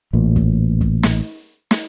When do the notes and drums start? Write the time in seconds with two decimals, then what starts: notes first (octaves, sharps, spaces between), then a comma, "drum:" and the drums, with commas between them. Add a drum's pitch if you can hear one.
0.13 A1 A#2
0.36 drum: kick
0.81 drum: kick
1.03 drum: snare
1.71 drum: snare